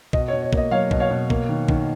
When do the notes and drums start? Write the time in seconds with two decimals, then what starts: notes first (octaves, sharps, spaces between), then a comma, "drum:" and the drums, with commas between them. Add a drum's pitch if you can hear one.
0.13 B2 D#5, drum: kick
0.28 B2 C#5
0.42 C#5
0.53 A#3 D#5, drum: kick
0.71 F#3 C#5 F5
0.91 B2, drum: kick
1.00 C#5 F5
1.11 B2
1.30 A#3, drum: kick
1.49 D#3
1.69 D#3, drum: kick